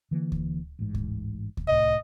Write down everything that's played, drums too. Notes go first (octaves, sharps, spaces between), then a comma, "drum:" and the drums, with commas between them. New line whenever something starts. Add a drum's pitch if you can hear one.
D3 E3 A#3
drum: kick D2
A1 G#2
drum: kick D2
drum: kick D2
C2 A2 D#5